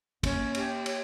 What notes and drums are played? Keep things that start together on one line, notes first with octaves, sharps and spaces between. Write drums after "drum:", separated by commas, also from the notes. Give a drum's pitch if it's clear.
A#3 C#4, drum: kick, cymbal
G4, drum: cymbal
C#5, drum: cymbal